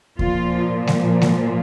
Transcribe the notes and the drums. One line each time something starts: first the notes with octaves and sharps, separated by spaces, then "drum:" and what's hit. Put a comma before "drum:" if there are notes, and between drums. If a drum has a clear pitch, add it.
A#2 F3 F4, drum: kick D#2
drum: snare G#3
drum: snare G#3